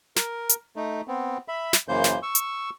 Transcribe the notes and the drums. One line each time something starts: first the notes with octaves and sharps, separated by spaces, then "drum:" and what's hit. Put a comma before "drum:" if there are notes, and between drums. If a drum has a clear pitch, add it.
A#4, drum: snare
drum: hi-hat
A3 D#4
B3 C4
E5 B5
drum: snare
F#2 C#3 E3 A#3 C5 G6
drum: snare
C#6 E6
drum: hi-hat